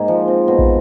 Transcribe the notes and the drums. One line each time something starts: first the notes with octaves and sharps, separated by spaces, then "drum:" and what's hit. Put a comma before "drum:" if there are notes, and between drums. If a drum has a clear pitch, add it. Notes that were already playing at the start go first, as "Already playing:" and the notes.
Already playing: G#2 A#3 D#4
F3
C4
B2
drum: kick